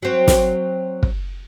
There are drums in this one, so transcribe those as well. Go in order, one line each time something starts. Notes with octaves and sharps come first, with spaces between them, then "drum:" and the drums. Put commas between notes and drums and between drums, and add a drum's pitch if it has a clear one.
F#3 C4
drum: snare
drum: kick